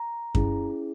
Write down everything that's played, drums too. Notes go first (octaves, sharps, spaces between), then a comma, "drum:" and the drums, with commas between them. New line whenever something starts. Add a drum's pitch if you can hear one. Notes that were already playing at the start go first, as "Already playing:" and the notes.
Already playing: A#5
C#4 E4 G#4, drum: kick F#2